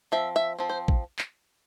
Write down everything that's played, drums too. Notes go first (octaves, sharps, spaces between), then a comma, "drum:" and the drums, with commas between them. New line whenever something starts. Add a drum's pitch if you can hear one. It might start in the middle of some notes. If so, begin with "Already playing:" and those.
F3 C4 E5
E5
F3 C4
C5
drum: kick A#1
drum: clap